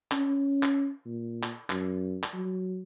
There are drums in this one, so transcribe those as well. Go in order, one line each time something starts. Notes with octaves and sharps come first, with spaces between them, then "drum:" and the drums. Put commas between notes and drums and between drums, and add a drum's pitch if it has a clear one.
C#4, drum: clap
drum: clap
A#2
drum: clap
F#2, drum: clap
drum: clap
F#3